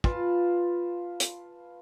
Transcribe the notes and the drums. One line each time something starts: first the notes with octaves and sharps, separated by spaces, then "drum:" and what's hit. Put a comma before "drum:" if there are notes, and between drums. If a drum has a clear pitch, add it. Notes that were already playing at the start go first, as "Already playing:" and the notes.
F4 B4 F5 A5, drum: kick
drum: hi-hat